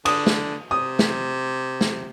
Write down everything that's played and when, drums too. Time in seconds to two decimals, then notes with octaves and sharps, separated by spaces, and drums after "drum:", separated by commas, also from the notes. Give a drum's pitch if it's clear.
0.05 D3 D#6, drum: cymbal
0.26 drum: snare
0.71 C3 D#6
0.99 drum: snare
1.81 drum: snare